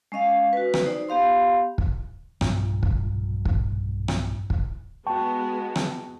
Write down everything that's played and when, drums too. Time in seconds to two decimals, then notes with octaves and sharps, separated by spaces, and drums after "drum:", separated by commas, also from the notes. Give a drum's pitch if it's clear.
0.12 G#3 C#4 D#5 F5
0.53 F#4 B4
0.74 drum: rim click
0.85 D#4 C5 D5
1.09 B3 G4 F5 C6
1.78 drum: kick
2.41 B1 G2 A#2 F3, drum: rim click
2.83 drum: kick
3.45 drum: kick
4.08 drum: rim click
4.50 drum: kick
5.07 G#3 B3 F#4 G5 A5 C#6
5.76 drum: rim click